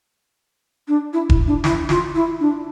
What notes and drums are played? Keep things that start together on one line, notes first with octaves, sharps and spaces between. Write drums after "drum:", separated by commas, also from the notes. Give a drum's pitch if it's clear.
D4
E4
E4, drum: kick E1
D4
E4, drum: snare
F4, drum: snare
E4
D4